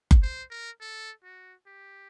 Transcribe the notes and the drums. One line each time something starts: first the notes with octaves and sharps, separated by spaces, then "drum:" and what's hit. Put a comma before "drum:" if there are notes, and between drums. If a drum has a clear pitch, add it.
drum: kick F#1
C5
A#4
A4
F#4
G4